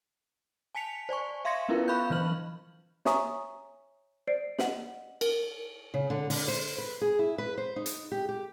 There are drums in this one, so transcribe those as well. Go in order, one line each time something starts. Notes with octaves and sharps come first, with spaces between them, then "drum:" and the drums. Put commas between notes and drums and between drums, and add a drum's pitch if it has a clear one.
G#5 A5 B6 C#7 F7
C5 D5 G#5 C#6
E5 F5 C6 G#6 A#6 C#7
B3 C#4 E4 F4 A#4 B4
F5 B5 C#6 F#6 G6
E3 F#3 F6 F#7
C#5 E5 G#5 A#5 C#6 D#6, drum: snare
C5 D5 C7 D7
D#5 F#5 F#7, drum: snare
A#4, drum: cymbal
C#3
D3
D3, drum: open hi-hat
C5
B4
G#4
E4
B4
C5
D#4
drum: hi-hat
G4
G4